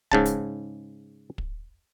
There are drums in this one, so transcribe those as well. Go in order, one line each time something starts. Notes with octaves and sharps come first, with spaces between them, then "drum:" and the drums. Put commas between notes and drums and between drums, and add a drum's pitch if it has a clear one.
G#2 C#3 A5, drum: kick
drum: hi-hat
drum: kick